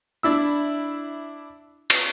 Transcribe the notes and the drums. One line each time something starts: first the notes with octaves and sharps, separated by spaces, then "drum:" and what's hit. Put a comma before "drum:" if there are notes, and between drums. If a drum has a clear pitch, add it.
D4 E4 E6
drum: cymbal